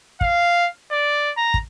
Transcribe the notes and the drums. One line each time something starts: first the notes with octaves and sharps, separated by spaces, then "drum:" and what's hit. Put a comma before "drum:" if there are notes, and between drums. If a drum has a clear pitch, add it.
F5, drum: kick
D5
A#5
drum: kick